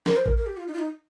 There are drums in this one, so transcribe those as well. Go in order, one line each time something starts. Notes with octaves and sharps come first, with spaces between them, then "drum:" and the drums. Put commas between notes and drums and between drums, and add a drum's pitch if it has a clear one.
A#4, drum: snare
C5
A#4, drum: kick A1
A#4
G4
F4
D#4
F4
D#4